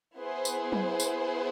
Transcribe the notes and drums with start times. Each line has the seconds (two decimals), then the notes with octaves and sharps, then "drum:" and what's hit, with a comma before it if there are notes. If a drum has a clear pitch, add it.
0.18 B3 E4 G#4 C5
0.45 drum: tambourine
0.72 drum: tom F#3
1.00 drum: tambourine